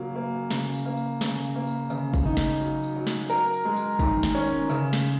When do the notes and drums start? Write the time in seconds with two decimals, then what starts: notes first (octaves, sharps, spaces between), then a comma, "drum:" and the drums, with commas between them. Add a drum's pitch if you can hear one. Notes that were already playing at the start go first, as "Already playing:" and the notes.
Already playing: C#3 F#3 A#3
0.16 A#3
0.51 C#3, drum: snare
0.74 drum: tambourine
0.86 A#3
0.97 drum: tambourine
1.21 C#3, drum: snare
1.44 drum: tambourine
1.56 A#3
1.67 drum: tambourine
1.90 C#3, drum: tambourine
2.14 drum: kick, tambourine
2.26 D#4
2.37 drum: snare
2.60 F#3, drum: tambourine
2.83 drum: tambourine
2.95 F#3
3.07 drum: snare
3.30 A#4, drum: tambourine
3.53 drum: tambourine
3.65 G#3
3.77 drum: tambourine
3.99 D#3, drum: kick, tambourine
4.23 drum: snare
4.35 C#4
4.46 drum: tambourine
4.70 C#3, drum: tambourine
4.93 drum: snare